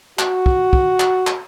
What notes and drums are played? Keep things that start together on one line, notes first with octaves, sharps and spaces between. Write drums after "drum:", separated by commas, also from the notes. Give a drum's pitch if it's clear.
F#4, drum: clap
drum: kick
drum: kick
drum: clap
drum: clap